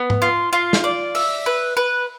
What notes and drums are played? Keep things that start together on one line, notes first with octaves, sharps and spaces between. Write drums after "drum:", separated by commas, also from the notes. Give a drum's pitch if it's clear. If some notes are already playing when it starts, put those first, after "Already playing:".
Already playing: B3
drum: tom G#2
F4
F4
drum: snare
D5
E5, drum: open hi-hat
B4
B4